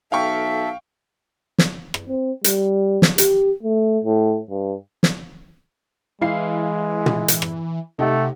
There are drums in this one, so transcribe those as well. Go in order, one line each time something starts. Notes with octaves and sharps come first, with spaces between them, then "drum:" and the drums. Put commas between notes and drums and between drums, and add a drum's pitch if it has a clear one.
B1 A4 E5 F5 G5 C#6
drum: snare
drum: rim click
C4
G3, drum: hi-hat
drum: snare
G4, drum: hi-hat
A3
A2
G2
drum: snare
E3 G#3 E4 F5 C7
drum: tom
drum: hi-hat
drum: rim click
C3 A3 D#4 G4 F#5